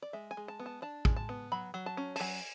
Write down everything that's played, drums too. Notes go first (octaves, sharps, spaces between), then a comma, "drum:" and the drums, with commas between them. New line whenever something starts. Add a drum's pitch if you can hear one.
D5
G#3 E5
G#5
G#3
A5
B3
A5
D4 A5
G#3, drum: kick
A5
B3
F#3 B5
F#3
A5
C#4
A5, drum: open hi-hat
F#3 G#5